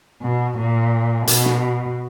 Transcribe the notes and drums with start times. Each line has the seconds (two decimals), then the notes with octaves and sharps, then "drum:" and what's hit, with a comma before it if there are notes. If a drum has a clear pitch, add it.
0.23 B2
0.58 A#2
1.27 B2, drum: hi-hat
1.45 drum: snare